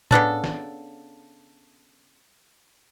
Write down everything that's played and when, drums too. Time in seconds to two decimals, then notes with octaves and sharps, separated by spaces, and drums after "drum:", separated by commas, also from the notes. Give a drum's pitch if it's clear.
0.11 C#3 B3 D4 A4, drum: tom A2
0.44 drum: snare